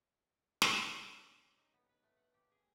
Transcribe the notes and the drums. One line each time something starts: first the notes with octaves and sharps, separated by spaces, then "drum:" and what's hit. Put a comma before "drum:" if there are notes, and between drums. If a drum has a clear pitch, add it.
drum: snare
F#5
D#5
G#5
C#4
G4
D#4
B3
B4
A3
F#5
G4
G#4